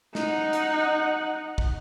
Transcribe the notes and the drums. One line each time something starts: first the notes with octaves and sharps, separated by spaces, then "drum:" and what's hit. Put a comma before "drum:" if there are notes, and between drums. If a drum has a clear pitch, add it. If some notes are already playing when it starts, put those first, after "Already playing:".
D#4 F#5, drum: snare
drum: hi-hat
drum: kick